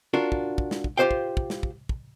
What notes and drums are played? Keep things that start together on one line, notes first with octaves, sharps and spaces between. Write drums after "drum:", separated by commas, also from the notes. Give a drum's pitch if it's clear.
D4 F4 F#4 A#4
drum: kick
drum: kick
drum: snare
drum: kick
F4 G4 A4 C5 F5 G5
drum: kick
drum: kick
drum: snare
drum: kick
drum: kick